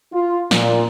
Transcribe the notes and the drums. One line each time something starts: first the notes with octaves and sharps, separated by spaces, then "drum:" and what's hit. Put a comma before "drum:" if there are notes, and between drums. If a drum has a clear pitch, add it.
F4
A#2, drum: snare